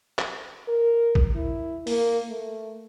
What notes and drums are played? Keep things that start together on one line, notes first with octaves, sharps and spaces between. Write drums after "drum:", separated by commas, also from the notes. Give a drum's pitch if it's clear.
drum: clap
A#4
drum: kick
E4
A#3, drum: open hi-hat
A3